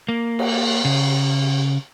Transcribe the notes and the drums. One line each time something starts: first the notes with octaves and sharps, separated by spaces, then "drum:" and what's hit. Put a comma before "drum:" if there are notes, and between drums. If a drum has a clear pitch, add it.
A#3
drum: cymbal
C#3